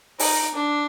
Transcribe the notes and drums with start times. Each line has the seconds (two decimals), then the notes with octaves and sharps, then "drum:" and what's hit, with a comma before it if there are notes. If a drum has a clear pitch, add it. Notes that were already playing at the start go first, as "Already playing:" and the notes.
0.19 D#4, drum: open hi-hat
0.54 D4